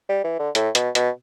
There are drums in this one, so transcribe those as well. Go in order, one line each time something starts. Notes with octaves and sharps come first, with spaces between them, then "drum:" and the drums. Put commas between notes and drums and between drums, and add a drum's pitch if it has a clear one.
G3
E3
D3
A2, drum: hi-hat
B2, drum: hi-hat
B2, drum: hi-hat